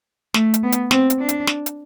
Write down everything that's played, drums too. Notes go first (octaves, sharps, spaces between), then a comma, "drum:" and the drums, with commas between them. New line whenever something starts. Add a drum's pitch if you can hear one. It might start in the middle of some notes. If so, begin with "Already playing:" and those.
A3, drum: snare
drum: hi-hat
B3
drum: hi-hat
C4, drum: snare
drum: hi-hat
D4
drum: hi-hat
drum: snare
drum: hi-hat